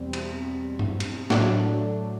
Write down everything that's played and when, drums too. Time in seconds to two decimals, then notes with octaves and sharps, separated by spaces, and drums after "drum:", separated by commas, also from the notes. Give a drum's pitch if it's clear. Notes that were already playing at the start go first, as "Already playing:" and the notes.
Already playing: E2 B2 G3 C4
0.13 drum: cymbal
0.79 drum: tom G2
1.00 drum: cymbal
1.30 A2 F#3 A3 D4, drum: snare